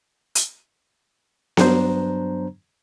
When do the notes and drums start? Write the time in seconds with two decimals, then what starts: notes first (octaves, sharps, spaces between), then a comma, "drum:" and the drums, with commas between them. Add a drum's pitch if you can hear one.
0.35 drum: hi-hat
1.57 G2 F#3 B3 D4 C5 A#5, drum: snare B3